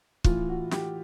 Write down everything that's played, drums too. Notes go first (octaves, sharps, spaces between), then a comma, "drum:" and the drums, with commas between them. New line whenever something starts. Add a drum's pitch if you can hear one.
A2 E3 F4, drum: kick
F#4
G4, drum: snare